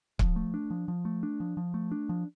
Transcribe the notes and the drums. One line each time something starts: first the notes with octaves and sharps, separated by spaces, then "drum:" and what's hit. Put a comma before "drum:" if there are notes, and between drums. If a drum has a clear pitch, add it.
F3, drum: kick C#1
A3
D4
F3
F3
A3
D4
F3
F3
A3
D4
F3